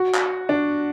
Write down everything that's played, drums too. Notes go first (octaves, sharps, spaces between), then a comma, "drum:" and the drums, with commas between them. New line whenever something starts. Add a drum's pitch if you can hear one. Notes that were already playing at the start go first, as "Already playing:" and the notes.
Already playing: F#4
drum: clap
D4